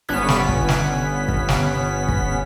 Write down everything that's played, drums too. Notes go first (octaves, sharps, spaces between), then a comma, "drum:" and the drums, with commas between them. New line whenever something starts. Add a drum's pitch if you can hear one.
G1 B3 C#4 B6
drum: snare
drum: kick
drum: snare
drum: kick
drum: snare
drum: kick